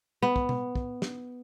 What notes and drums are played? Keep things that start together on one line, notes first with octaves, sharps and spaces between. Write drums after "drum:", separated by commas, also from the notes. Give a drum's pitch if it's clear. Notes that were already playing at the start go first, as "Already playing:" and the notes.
B3
drum: kick
drum: tom B2
drum: kick
drum: snare